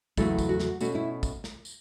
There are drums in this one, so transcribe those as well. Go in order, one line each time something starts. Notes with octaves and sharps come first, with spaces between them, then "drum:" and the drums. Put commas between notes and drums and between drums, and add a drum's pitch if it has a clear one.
E2 C#3 F#3 A3 E4 A4, drum: kick, tambourine
drum: kick, tambourine
F#4
drum: snare
B2 A3 C#4 F#4, drum: tambourine
E4
drum: kick, tambourine
drum: snare
drum: tambourine